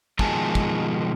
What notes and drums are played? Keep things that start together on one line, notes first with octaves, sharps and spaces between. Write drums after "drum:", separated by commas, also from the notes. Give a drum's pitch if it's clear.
B2 D#3 F3 G#3 G#5 A5, drum: kick
drum: kick